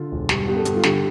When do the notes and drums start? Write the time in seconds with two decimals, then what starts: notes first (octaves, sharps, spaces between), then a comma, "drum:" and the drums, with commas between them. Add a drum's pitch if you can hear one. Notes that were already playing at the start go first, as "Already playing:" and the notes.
Already playing: D3 F4
0.12 E1
0.29 G2 G4, drum: snare
0.47 B3 G4
0.57 A4
0.65 G2, drum: hi-hat
0.76 F4
0.83 D3 G4, drum: snare